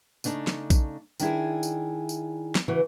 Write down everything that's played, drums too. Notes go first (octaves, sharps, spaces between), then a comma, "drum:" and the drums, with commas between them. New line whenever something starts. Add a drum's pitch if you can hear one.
C#3 A3 D4 D#4, drum: tambourine
drum: snare
drum: kick A#1, tambourine
D#3 D4 E4 G#4, drum: tambourine
drum: tambourine
drum: tambourine
drum: snare
C#3 E3 F#4